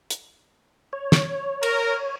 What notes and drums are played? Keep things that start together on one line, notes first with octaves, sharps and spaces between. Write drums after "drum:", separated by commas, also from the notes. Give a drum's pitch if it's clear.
drum: hi-hat
C#5
drum: snare
A#4, drum: cymbal